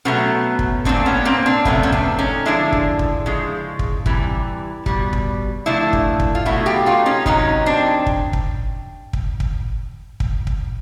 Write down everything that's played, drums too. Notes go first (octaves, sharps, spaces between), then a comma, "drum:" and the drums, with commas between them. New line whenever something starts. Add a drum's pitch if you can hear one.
B2 F#3 A3 B3 C#4
drum: kick
A#2 F#3 A3 C4 D4, drum: kick
B3 C#4
A#3 C4
C4 D4
C3 F3 A3 B3 C#4, drum: kick
C#4
C4 D4, drum: kick
C#4 D#4
D3 F3 G#3 D4 E4
drum: kick
drum: kick
C#3 F3 G#3
drum: kick
C3 E3 G3, drum: kick
B2 G3, drum: kick
drum: kick
D3 F3 A3 D4 E4
drum: kick
drum: kick
F4
B2 F#3 A3 E4 F#4
F4 G4
D#4 F4
C#4 D#4
C3 D#3 F#3 C#4 D#4, drum: kick
C4 D4
drum: kick
drum: kick
drum: kick
drum: kick
drum: kick
drum: kick